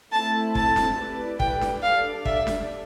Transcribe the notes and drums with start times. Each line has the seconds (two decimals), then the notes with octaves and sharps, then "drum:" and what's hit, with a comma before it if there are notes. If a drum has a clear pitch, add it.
0.12 A3 C4 E4 A5
0.55 A5, drum: kick
0.76 drum: snare
0.98 A3 E4 G4 B4 D5
1.40 G5, drum: kick
1.61 drum: snare
1.82 G3 D4 A4 D5 F5
2.25 E5, drum: kick
2.47 drum: snare